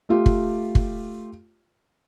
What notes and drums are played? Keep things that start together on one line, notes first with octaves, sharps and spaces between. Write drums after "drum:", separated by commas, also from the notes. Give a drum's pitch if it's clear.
A3 F4 G4
drum: kick
drum: kick